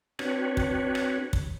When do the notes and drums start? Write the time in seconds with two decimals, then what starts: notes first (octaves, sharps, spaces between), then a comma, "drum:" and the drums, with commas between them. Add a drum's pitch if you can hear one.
0.19 C4 D4 F#4 B4 C#5, drum: rim click
0.57 drum: kick
0.95 drum: rim click
1.33 drum: kick